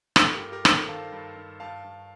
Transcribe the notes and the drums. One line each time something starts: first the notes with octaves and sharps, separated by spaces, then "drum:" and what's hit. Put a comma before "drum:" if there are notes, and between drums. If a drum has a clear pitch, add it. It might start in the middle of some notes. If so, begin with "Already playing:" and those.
G2 F4 A4, drum: rim click
G4 A#4
G2
G4 A#4
D#3, drum: rim click
A4 C5
D#3 F5 A5
G2
G2
G2 F5 A5
G2